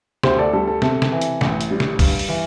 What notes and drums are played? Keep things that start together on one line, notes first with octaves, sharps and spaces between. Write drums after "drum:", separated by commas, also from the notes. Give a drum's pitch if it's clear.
D2 G4 C5, drum: snare
A4 D5
G3 A4
A4
C3 A4, drum: snare
drum: snare
E3
drum: hi-hat
A1, drum: snare
drum: hi-hat
G3
drum: snare
G2, drum: kick A#1, open hi-hat
drum: open hi-hat
E3